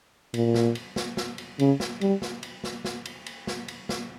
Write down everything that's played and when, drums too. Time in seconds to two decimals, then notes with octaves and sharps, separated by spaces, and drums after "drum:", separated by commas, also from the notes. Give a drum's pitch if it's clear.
0.34 A#2, drum: cymbal
0.54 drum: snare
0.75 drum: cymbal
0.96 drum: snare
1.17 drum: snare
1.38 drum: cymbal
1.59 C#3, drum: cymbal
1.80 drum: snare
2.01 G3, drum: cymbal
2.22 drum: snare
2.43 drum: cymbal
2.64 drum: snare
2.85 drum: snare
3.06 drum: cymbal
3.26 drum: cymbal
3.47 drum: snare
3.68 drum: cymbal
3.89 drum: snare